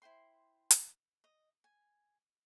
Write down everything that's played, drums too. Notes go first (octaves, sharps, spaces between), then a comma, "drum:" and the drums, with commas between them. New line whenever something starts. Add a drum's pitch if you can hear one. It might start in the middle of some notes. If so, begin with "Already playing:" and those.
E4 C5 G5 C6
drum: hi-hat
D#5
G#5